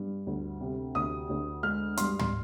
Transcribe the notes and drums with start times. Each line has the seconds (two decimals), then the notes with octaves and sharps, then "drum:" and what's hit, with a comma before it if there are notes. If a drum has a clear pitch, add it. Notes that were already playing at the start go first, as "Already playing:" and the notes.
Already playing: G2
0.27 D2
0.61 C3
0.95 D2 D#6
1.30 D2
1.63 G#3 F6
1.97 G2 C6, drum: hi-hat
2.19 C6, drum: tom